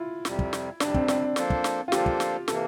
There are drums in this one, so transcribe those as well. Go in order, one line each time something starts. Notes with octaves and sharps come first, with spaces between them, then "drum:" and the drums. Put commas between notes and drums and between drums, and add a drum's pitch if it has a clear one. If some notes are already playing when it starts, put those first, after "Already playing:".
Already playing: E4 F4
F2 C3 G3, drum: snare
drum: kick
drum: snare
F2 C3 G3 D4, drum: snare
C4, drum: kick
D4, drum: snare
F3 A#3 D4 A4 C5, drum: snare
drum: kick
drum: snare
F4
F3 A#3 D4 G4 A4 C5, drum: snare
drum: kick
drum: snare
C3 E3 A#3 A4, drum: snare